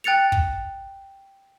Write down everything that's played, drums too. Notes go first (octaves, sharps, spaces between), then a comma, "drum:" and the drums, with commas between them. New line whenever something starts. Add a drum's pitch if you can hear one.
G5 F#6 A6 C#7 F7
drum: kick